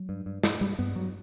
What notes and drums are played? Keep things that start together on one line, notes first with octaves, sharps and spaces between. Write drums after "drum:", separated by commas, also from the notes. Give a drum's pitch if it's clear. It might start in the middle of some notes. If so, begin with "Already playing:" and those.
Already playing: F#3
G2
G2
G2, drum: snare
G2 G3
G2 B3
G2 F#3